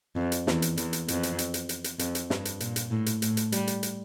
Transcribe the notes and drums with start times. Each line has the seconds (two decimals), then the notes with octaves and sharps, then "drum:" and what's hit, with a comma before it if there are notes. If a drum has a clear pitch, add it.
0.16 F2
0.32 drum: hi-hat
0.47 E2, drum: snare
0.62 drum: hi-hat
0.77 E2, drum: hi-hat
0.93 drum: hi-hat
1.08 F2, drum: hi-hat
1.23 drum: hi-hat
1.39 drum: hi-hat
1.54 drum: hi-hat
1.69 drum: hi-hat
1.84 drum: hi-hat
1.99 F2, drum: hi-hat
2.15 drum: hi-hat
2.30 G2, drum: snare
2.45 drum: hi-hat
2.60 A#2, drum: hi-hat
2.76 drum: hi-hat
2.91 A2
3.06 drum: hi-hat
3.22 A2, drum: hi-hat
3.37 drum: hi-hat
3.52 G3, drum: hi-hat
3.67 drum: hi-hat
3.83 drum: hi-hat